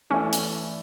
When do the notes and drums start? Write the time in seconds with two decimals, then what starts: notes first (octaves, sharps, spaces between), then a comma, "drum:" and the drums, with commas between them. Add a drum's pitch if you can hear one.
0.10 E3 A3 C#4 E4 A4 D5
0.33 drum: hi-hat